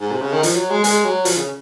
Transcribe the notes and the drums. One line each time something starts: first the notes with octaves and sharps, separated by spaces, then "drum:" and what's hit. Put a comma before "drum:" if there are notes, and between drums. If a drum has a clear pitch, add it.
G#2
C3
C#3
D#3
F3, drum: hi-hat
F#3
G#3
G#3, drum: hi-hat
F#3
F3, drum: hi-hat
C#3